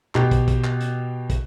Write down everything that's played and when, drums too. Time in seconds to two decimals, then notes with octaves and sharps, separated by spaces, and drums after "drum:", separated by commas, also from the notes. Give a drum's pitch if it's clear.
0.15 B2 G4, drum: clap
0.31 drum: kick, hi-hat
0.48 drum: kick, hi-hat
0.64 drum: clap
0.81 drum: hi-hat
1.30 drum: kick, hi-hat